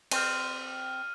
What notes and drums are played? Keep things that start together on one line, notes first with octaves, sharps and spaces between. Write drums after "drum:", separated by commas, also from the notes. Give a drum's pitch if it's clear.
C4 F6 D#7, drum: cymbal